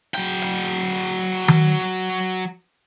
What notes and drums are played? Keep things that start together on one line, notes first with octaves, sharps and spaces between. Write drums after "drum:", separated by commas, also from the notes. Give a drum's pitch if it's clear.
F#3 G5, drum: hi-hat
drum: hi-hat
drum: tom D#3